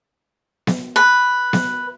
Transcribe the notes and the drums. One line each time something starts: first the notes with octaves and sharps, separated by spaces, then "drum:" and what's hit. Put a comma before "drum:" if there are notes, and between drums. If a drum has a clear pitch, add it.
drum: snare B3
B4
drum: snare B3